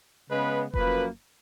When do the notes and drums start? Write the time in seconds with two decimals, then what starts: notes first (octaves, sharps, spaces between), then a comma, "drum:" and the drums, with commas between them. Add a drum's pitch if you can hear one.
0.31 C#3 G#3 B3 B4
0.74 F#2 F3 A#3 B4, drum: kick F1